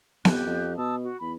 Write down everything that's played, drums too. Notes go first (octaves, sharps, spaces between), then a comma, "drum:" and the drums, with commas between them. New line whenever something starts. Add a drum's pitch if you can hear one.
F2 G4 F#6, drum: snare B3
F2
B2 A5 D#6 E6
F#4
E2 B5